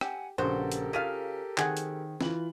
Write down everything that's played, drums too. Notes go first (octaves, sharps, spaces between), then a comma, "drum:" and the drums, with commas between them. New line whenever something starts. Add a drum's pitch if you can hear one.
G4 F#5 G#5, drum: rim click
A#1 C#3 B3 F#4 G4 A4 A#4 C5
drum: hi-hat
C#3 F4 F5 B6 D#7
D#3 C4 G#4 F#5, drum: clap
drum: hi-hat
E3 F4 F#7, drum: snare